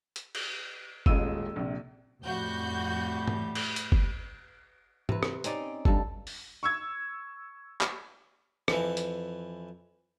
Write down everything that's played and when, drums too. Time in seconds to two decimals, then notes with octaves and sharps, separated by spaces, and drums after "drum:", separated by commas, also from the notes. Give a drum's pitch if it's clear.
0.16 drum: hi-hat
0.35 drum: cymbal
1.06 D#1 A1 G#3 F4 E6 D#7, drum: kick G1
1.56 A#1 C3
2.24 F2 A2 G3 F#4 G6
3.28 drum: tom G#2
3.55 drum: cymbal
3.76 drum: hi-hat
3.92 drum: kick G1
5.09 C3 B4, drum: tom G#2
5.23 drum: rim click
5.44 C4 C#4 D#4 D5, drum: hi-hat
5.85 G2 G3 A4, drum: kick G1
6.27 drum: open hi-hat
6.63 C#6 E6 G#6
7.81 drum: clap
8.68 F2 E3, drum: rim click
8.97 drum: hi-hat